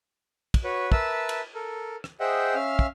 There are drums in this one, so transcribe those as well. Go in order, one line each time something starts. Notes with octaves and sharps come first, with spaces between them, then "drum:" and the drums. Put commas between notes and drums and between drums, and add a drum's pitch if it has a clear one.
drum: kick, cymbal
F#4 B4 C#5
A#4 B4 E5 A5 E6, drum: kick
drum: cymbal
A4 A#4
drum: rim click
G#4 C5 D#5 E5 F#5 G5
C#4 E5 F5 F6
drum: kick